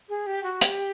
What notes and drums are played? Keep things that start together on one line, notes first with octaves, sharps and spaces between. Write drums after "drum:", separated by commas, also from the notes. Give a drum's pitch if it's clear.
G#4
G4
F#4
G4, drum: hi-hat